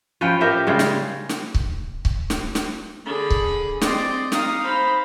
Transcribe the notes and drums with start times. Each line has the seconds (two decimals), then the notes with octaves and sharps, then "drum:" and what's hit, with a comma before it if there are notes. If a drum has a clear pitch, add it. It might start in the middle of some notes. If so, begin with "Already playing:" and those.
0.21 F3 C#4 B4 G5
0.41 A2 G4 A#4 E5
0.67 C#3 G3 G#3
0.79 drum: snare
1.29 drum: snare
1.55 drum: kick C#1
2.05 drum: kick C#1
2.30 drum: snare
2.55 drum: snare
3.05 D3 G#4 B5
3.30 drum: kick C#1
3.81 C4 D5 D#5 C6, drum: snare
4.32 D#4 F5 D#6, drum: snare
4.62 C5 B5